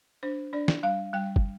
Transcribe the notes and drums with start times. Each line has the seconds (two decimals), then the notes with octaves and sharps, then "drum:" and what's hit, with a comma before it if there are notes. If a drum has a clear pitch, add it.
0.23 D4 C5
0.53 D4 D5
0.68 drum: snare
0.83 G3 F5
1.13 G3 G5
1.36 drum: kick